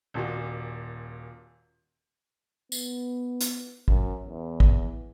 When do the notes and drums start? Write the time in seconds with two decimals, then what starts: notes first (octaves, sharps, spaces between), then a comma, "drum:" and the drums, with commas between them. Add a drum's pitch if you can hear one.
0.14 D#1 A#2 F#4
2.72 B3, drum: tambourine
3.41 drum: hi-hat
3.88 F#2, drum: kick
4.25 E2
4.60 drum: kick